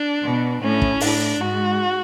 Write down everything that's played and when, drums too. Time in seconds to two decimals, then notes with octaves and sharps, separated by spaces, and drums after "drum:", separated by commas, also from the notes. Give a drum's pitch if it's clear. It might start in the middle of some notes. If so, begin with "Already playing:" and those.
Already playing: D4
0.23 B2
0.62 A2 C#4
0.82 drum: kick
1.00 A2 D4, drum: open hi-hat
1.40 G#2 F#4